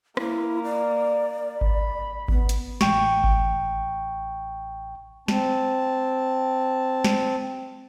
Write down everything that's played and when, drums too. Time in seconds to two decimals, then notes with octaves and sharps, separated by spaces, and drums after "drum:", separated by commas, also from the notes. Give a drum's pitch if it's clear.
0.17 A#3 E4, drum: rim click
0.64 D5
1.61 B5, drum: kick G#1
2.28 B3, drum: kick G#1
2.49 drum: hi-hat
2.81 A1 G5 C#6, drum: snare
3.24 drum: kick G#1
5.28 C4 A5, drum: snare
7.05 drum: snare